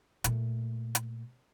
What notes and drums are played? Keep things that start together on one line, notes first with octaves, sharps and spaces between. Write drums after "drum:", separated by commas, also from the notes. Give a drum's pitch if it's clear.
A#2 A3, drum: hi-hat
drum: hi-hat